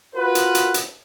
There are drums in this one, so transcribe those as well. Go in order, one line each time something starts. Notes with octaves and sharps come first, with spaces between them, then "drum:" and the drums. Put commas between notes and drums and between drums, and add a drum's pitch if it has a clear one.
F4 F#4 A#4 B4
drum: hi-hat
drum: hi-hat
drum: hi-hat